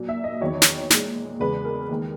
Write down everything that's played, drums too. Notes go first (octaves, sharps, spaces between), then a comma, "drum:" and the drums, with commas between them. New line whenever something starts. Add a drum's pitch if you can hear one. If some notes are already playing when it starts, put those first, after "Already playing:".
Already playing: A#2 F#3
E5
D#5
E2 D#3 F#3 C#5
drum: snare
A#2 G#3, drum: snare
E2 C#3 G#3 B4
A#4
D#2 D#3 G#3